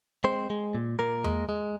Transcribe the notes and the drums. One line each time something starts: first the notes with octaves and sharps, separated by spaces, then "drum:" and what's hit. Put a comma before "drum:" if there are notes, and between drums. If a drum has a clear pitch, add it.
G#3 C4 C5
G#3
A#2
A#2 A#3 A#4
G#3, drum: tom E2
G#3